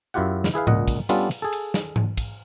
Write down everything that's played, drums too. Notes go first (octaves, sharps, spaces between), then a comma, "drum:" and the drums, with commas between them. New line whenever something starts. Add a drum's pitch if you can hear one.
F#2 E4 F4 G4 F#5
drum: snare
E4 G#4 B4 F5
C#2 A#2 D#5 F#5, drum: tom G#2
drum: kick, cymbal
G3 B3 C#4 D4 F4 A4, drum: cymbal
drum: cymbal
G#4 A4
drum: cymbal
drum: snare
drum: tom G#2
drum: kick, cymbal